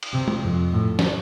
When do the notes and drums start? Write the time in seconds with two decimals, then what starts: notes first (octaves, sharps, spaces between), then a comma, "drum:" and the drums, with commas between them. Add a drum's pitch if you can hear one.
0.03 drum: cymbal
0.13 C3
0.28 drum: tom
0.43 F2
0.73 A2
0.99 drum: snare